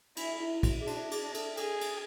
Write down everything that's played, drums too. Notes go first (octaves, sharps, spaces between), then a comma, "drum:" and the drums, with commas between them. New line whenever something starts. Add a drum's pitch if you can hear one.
D4 E4, drum: cymbal
E4
E4
F#4, drum: kick, cymbal
G#4
D4 F#4, drum: cymbal
G#4, drum: cymbal
D4
A4, drum: cymbal
G#4 A4, drum: cymbal
drum: cymbal